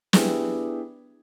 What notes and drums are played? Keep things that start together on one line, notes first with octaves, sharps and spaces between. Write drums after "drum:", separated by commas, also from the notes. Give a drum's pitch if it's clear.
B3 D4 E4 G4 G#4 B4, drum: snare